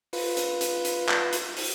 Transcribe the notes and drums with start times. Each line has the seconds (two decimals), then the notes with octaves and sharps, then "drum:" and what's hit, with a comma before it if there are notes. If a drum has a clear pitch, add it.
0.13 F4 B4, drum: open hi-hat
0.37 drum: hi-hat
0.61 drum: hi-hat
0.85 drum: hi-hat
1.09 drum: clap
1.33 drum: hi-hat
1.57 drum: open hi-hat